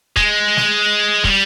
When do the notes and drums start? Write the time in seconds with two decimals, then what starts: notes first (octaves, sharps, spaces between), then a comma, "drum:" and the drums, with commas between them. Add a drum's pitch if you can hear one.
0.17 G#3, drum: kick
0.57 drum: snare
1.24 G3, drum: kick